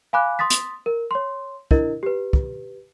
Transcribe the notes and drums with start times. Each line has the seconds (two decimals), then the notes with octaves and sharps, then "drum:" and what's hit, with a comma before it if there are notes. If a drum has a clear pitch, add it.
0.13 F5 G#5 B5 D6 F#6
0.39 C6 D#6 A6 B6
0.50 drum: hi-hat
0.86 A#4
1.11 C#5 C6
1.71 D4 E4 A#4 D#5, drum: kick
2.03 G4 B4
2.33 drum: kick